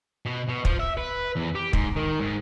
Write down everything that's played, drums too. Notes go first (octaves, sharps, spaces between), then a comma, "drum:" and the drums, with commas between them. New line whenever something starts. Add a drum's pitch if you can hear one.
B2
B2
F3, drum: kick
E5
B4
E2
G4
G#2, drum: kick
D#3
G#2